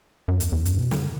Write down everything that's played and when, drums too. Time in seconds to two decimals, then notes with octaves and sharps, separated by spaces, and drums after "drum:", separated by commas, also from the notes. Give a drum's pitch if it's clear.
0.28 F#2
0.40 E2, drum: hi-hat
0.52 E2
0.65 F#2, drum: hi-hat
0.78 B2
0.91 D3, drum: snare
0.99 C#3